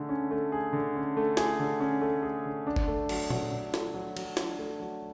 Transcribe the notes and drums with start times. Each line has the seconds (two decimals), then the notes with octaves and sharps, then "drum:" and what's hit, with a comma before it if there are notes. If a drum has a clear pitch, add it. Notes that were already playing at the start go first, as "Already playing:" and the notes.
Already playing: D3 A3 G#4
0.09 C#4
0.31 A3
0.52 G#4
0.73 D3
0.95 C#4
1.17 A3
1.37 G#4, drum: snare
1.59 D3
1.80 C#4
2.02 A3
2.23 G#4
2.45 D3
2.67 D4
2.76 drum: kick G1
2.88 A3
3.09 F#3, drum: cymbal
3.30 F#3, drum: tom A#2
3.51 D4
3.74 A3, drum: snare
3.94 F#3
4.17 F#3, drum: cymbal
4.37 D4, drum: snare
4.59 A3
4.80 F#3